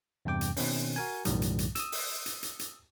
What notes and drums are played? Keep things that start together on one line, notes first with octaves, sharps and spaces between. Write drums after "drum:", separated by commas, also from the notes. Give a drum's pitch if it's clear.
E2 G2 C3 G5 D6
drum: hi-hat
B2 D#3 C4 C#4, drum: open hi-hat
F#4 A#4 G#5
B1 F#2 A2 D#3 F3 G3, drum: hi-hat
drum: hi-hat
drum: hi-hat
D#6 E6, drum: hi-hat
drum: open hi-hat
drum: hi-hat
drum: hi-hat
drum: hi-hat